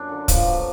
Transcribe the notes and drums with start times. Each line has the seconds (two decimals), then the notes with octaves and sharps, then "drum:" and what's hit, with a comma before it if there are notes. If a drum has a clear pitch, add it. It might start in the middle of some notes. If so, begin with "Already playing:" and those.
Already playing: F#2 D4
0.09 D3 F#3
0.28 B2 F3 F4, drum: kick, hi-hat
0.47 F#3